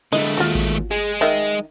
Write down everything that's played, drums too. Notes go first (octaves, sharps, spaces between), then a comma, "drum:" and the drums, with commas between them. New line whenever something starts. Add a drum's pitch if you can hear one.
D3 G#3 A3 E4 D#5
D#2 F4 F#4
drum: kick A1
G#3 G#4
D#3 D#5 E5